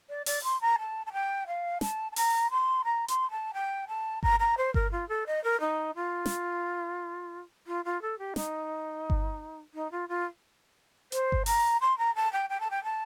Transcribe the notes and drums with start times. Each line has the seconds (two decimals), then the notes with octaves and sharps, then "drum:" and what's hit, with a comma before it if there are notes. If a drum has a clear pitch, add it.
0.09 D5
0.26 D5, drum: open hi-hat
0.44 C6
0.61 A#5
0.79 A5
1.06 A5
1.13 G5
1.47 F5
1.81 A5, drum: snare
2.12 A5
2.16 A#5, drum: open hi-hat
2.51 C6
2.84 A#5
3.08 C6, drum: hi-hat
3.31 A5
3.54 G5
3.88 A5
4.23 A#5, drum: kick G1
4.39 A#5
4.58 C5
4.74 A#4, drum: kick G1
4.92 F4
5.09 A4
5.26 D#5
5.44 A#4
5.60 D#4
5.95 F4
6.26 drum: snare
7.67 F4
7.85 F4
8.02 A4
8.18 G4
8.36 D#4, drum: snare
9.10 drum: kick G1
9.74 D#4
9.91 F4
10.09 F4
11.12 C5, drum: hi-hat
11.32 drum: kick G1
11.46 A#5, drum: open hi-hat
11.81 C6
11.98 A#5
12.15 A5
12.33 G5
12.50 G5
12.60 A5
12.71 G5
12.84 A5